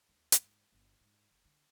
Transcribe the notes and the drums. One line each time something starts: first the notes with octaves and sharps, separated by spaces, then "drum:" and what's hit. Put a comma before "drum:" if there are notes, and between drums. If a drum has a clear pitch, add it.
D#2
G#2, drum: hi-hat
G1
G#2
F#1
D3